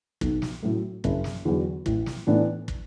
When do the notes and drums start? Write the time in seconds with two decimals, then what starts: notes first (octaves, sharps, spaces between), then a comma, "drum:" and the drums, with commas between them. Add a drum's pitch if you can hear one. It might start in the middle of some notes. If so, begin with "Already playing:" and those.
0.21 B1, drum: kick
0.42 drum: snare
0.63 A2 F#3 A3
1.04 F#1, drum: kick
1.24 drum: snare
1.45 E2 D3 F#3
1.86 A1, drum: kick
2.06 drum: snare
2.27 A2 E3 B3 D4
2.68 drum: kick